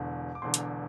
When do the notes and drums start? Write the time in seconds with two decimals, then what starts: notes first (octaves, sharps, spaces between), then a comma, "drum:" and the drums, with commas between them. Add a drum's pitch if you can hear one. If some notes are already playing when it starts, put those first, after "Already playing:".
Already playing: E1 E2 D3
0.35 D6
0.42 E1 E2 D3 C6
0.54 drum: hi-hat